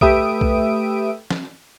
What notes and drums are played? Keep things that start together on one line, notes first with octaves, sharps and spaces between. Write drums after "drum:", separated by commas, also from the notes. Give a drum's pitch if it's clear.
A3 G4 B4 E5 D#6 D7, drum: kick B1
drum: kick B1
drum: snare